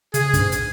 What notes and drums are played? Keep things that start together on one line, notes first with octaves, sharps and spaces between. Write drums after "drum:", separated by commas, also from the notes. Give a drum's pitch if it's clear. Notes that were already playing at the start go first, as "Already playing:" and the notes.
C#3 G#4, drum: hi-hat
G2, drum: kick, hi-hat
G#2
drum: hi-hat